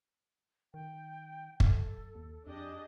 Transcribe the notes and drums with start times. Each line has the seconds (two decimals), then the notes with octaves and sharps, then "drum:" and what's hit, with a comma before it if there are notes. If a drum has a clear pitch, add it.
0.74 D#3 G5
1.60 F#2 A4, drum: kick
2.15 D#2
2.47 F2 D4 G4 G#4 D#5